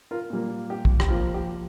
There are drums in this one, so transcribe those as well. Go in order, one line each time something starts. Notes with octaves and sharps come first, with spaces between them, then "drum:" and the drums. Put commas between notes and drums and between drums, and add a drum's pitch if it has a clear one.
F4 A#4
A#2 G3 A#3
G4
drum: kick
G4, drum: rim click
C3 F3 A#3 F4
G4